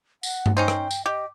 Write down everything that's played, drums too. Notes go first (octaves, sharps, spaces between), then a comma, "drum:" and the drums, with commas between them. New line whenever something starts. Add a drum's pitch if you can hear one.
F#5, drum: tambourine
drum: tom G2
C#4 D#4 C5 G5
drum: rim click
drum: tambourine
G4 D#5